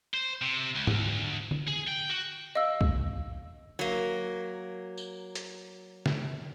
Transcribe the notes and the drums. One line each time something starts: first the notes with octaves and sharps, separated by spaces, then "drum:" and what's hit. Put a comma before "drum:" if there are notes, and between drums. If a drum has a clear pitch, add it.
C5
C3
C#2
D2, drum: tom G#2
drum: tom D3
G#4
G5
F#4
D#5 F5 E6
drum: kick B1
F#3 A#3
drum: tambourine
drum: hi-hat
drum: snare